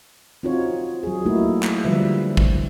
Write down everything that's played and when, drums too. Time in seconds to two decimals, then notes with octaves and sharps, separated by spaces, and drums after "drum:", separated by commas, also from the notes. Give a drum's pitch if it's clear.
0.43 C4 D#4 F4 F#4 C#5
1.03 F#3 G#4
1.26 A3 A#3 D#4 E4 F#4
1.63 drum: clap
1.84 D3 F3 G3 B4 E5
2.37 drum: kick A1